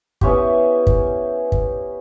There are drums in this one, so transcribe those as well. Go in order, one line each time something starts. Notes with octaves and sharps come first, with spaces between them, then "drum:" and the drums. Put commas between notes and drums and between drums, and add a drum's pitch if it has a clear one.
B3 C#4 E4 G4, drum: kick
drum: kick
drum: kick